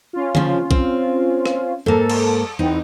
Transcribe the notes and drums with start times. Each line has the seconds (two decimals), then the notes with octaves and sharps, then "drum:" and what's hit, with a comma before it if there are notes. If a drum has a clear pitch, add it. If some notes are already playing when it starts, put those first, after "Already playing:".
0.13 C#4 F4
0.35 C#3 F3, drum: tom D3
0.71 C4, drum: kick B1
1.46 drum: rim click
1.86 G#2 A#3 A4
2.10 drum: cymbal
2.59 E2 B3 C4 D#4